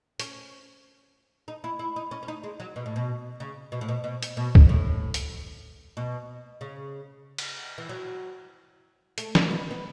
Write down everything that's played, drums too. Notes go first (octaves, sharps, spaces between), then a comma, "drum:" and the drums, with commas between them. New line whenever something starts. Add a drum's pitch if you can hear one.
C#4, drum: hi-hat
D#4
E4
E4
D#4
C#4
C#4
D#4
G#3
F#3
B2
A2
B2
C#3
B2
A2
B2
B2
drum: hi-hat
B2
drum: kick
A2
drum: hi-hat
B2
C#3
drum: cymbal
E3
F#3
A3, drum: hi-hat
D#4, drum: snare
C#4
B3
B3